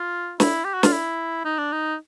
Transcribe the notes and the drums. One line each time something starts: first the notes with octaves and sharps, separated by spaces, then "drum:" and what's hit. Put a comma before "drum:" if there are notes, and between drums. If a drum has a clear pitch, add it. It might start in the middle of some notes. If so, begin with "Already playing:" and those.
Already playing: F4
E4, drum: snare
G4
F#4
F4, drum: snare
E4
D#4
D4
D#4